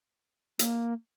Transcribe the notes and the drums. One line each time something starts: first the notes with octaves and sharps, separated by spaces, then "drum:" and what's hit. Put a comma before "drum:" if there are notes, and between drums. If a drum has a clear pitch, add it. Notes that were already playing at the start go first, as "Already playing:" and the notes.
A#3, drum: hi-hat